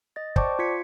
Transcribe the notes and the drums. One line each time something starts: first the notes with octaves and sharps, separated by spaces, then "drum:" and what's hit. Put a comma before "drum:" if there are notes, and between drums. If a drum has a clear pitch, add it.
D#5 A6
C5 D5 G5 A5 C#6 D6, drum: kick
F4 G#6 B6 C#7